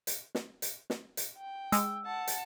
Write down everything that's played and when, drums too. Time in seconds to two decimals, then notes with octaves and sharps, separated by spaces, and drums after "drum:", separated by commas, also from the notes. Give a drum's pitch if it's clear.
0.07 drum: hi-hat
0.35 drum: snare
0.62 drum: hi-hat
0.90 drum: snare
1.17 drum: hi-hat
1.38 G5
1.72 G#3 E6, drum: hi-hat
2.06 F#5 A5
2.27 drum: hi-hat